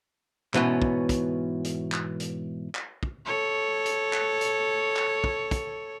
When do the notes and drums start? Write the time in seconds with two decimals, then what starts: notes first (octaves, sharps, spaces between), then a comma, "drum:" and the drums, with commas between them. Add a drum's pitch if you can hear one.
0.54 G#2 B2 E3 B3 C#4, drum: clap
0.82 drum: kick
1.09 drum: kick, hi-hat
1.64 drum: hi-hat
1.92 drum: clap
2.20 drum: hi-hat
2.75 drum: clap
3.03 drum: kick
3.26 A4 C#5
3.86 drum: hi-hat
4.13 drum: clap
4.41 drum: hi-hat
4.96 drum: clap
5.24 drum: kick
5.51 drum: kick, hi-hat